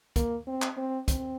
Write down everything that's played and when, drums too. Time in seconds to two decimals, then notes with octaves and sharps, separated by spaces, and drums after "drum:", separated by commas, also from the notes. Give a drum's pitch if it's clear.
0.16 A#3, drum: kick, hi-hat
0.47 C4
0.62 drum: clap
0.77 C4
1.08 C4, drum: kick, hi-hat